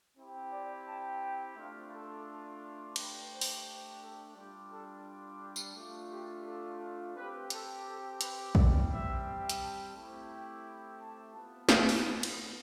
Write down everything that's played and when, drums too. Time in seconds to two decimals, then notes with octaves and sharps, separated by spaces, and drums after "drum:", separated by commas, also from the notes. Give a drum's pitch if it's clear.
0.16 C4 E4 G4
0.52 D5
0.86 A5
1.22 G5
1.56 A3 D4 F4 F5
1.92 A4
2.96 A3 D4 G4 B4, drum: cymbal
3.32 C5
3.41 drum: open hi-hat
4.01 A4
4.35 G3 D4 F4 G4
4.71 A4
5.41 G4
5.56 drum: tambourine
5.75 A3 D4 F4
6.11 G4
6.45 A4
7.15 C4 G4 B4
7.50 A4, drum: hi-hat
7.85 A4
8.21 B4, drum: hi-hat
8.55 G3 C4 G4 D5, drum: kick
8.91 E5
9.49 drum: hi-hat
9.60 A5
9.95 A3 C4 E4 G4 A5
10.30 G5
10.64 G5
11.00 A5
11.35 B3 F4
11.69 drum: snare
11.89 drum: open hi-hat
12.04 B5
12.23 drum: cymbal